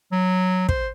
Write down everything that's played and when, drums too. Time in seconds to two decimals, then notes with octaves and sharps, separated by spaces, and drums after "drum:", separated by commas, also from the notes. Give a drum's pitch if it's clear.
0.12 F#3
0.69 C5, drum: kick